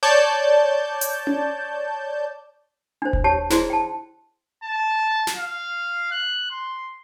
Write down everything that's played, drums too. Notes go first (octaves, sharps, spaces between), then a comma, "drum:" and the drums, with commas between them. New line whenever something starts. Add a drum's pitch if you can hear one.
C#5 D5 A5 G6
drum: hi-hat
drum: tom C#4
D4 C5
drum: kick D#1
G4 C#5 A5
E4 G#4 C5 D5 C6, drum: snare
G5 A5
A5
drum: snare
F5
F#6
C6